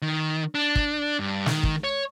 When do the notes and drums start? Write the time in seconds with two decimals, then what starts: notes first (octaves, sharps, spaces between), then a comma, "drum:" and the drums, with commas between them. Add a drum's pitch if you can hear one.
0.02 D#3
0.55 D4
0.76 drum: kick
1.20 G2
1.46 D#3, drum: snare
1.63 drum: kick
1.84 C#5